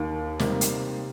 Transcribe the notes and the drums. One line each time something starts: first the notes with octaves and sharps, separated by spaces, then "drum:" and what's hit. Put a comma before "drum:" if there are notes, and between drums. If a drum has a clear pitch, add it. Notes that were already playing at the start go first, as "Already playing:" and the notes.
Already playing: D#2 D#3 A#3 D#4
C3 G3 A#3 D#4, drum: snare
drum: hi-hat